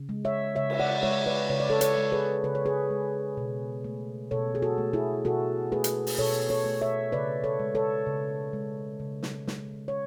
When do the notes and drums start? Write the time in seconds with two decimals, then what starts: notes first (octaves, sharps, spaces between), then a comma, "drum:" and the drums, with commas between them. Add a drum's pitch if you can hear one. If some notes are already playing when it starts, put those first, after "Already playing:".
Already playing: C#3
0.09 G#3
0.25 C#5 E5
0.56 C#3 C#5 E5
0.70 drum: cymbal
0.80 D5 F#5
1.03 G#3 C#5 E5
1.26 B4 D5
1.50 C#3 C#5
1.60 D5
1.70 A4 C#5
1.81 A4 C#5, drum: hi-hat
1.97 G#3
2.12 G#4 B4
2.44 C#3 B4
2.55 C#5
2.66 G#4 B4
2.90 G#3
3.37 B2
3.84 A3
4.31 B2 A4 C#5
4.55 G#4
4.62 F#4 A4
4.78 A3
4.93 E4 G#4
5.25 B2 F#4 A4
5.72 A3 G#4 B4
5.84 drum: hi-hat
6.07 drum: open hi-hat
6.19 B2 A4 C#5
6.50 A4 C#5
6.65 A3
6.81 C#5 E5
7.12 C#3 B4 D5
7.44 A4 C#5
7.60 G#3
7.75 A4 C#5
8.07 C#3
8.53 G#3
9.00 C#3
9.23 drum: snare
9.47 G#3, drum: snare
9.88 C#5